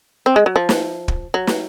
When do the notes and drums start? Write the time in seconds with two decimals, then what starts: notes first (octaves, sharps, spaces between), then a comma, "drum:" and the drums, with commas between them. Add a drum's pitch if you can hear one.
0.26 C4
0.36 G#3
0.46 F#3
0.56 F3
0.69 drum: snare
1.08 drum: kick
1.34 F#3
1.47 drum: snare